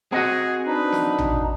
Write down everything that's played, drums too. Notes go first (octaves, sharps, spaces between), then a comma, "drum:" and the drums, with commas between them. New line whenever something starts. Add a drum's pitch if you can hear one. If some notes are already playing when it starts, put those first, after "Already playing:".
C4 F#4 G#4 D#5 F#5
D4 D#4 B4
drum: snare
drum: tom